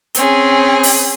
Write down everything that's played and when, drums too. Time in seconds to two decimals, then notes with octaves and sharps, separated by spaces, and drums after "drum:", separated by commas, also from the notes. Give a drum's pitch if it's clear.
0.14 C4 C#4 G#4, drum: hi-hat
0.83 drum: open hi-hat